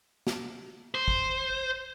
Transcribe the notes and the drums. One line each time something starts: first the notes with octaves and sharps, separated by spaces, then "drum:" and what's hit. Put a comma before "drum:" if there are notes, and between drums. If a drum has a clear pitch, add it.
drum: snare
C5
drum: kick